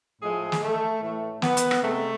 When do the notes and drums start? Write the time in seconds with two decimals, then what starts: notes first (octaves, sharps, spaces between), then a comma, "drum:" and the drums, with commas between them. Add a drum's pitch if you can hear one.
0.22 A2 F3 G#3 A3 G#4
0.52 drum: snare
0.62 A3
1.02 A2 E3 A3
1.42 B3, drum: snare
1.57 drum: hi-hat
1.71 drum: rim click
1.82 C3 G#3 A3